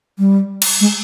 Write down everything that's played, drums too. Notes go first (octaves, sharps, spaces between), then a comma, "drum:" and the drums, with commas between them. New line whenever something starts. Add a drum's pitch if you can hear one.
G3
drum: cymbal
G#3